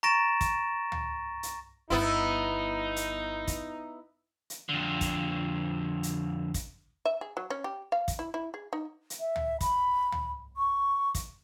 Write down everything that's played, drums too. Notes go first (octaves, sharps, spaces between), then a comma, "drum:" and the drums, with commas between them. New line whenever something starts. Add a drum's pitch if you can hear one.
A#5 C#6 A6 A#6 D7 E7
drum: kick, hi-hat
drum: tom C#2
drum: hi-hat
G1 B3 D#4 E4
drum: hi-hat
drum: kick, hi-hat
drum: hi-hat
F2 D3
drum: kick, hi-hat
drum: hi-hat
drum: kick, hi-hat
E5
G#4
F#3
C#4
G4
F5
drum: kick, hi-hat
E4
E4
G#4
D#4
drum: hi-hat
E5
drum: tom C#2
B5, drum: kick, hi-hat
drum: tom C#2
C#6
drum: kick, hi-hat